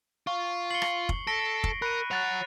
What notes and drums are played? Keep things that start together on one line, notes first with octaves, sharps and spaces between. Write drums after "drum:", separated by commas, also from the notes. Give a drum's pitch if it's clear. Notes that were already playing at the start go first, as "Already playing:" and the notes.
F4 C#6
C7 C#7 F#7 G7
drum: rim click
drum: kick
A4 A#6 B6 D7 G7
drum: kick
A#4 B5 F#6 C#7 D#7
C#5 F#5 F#6 A6 F7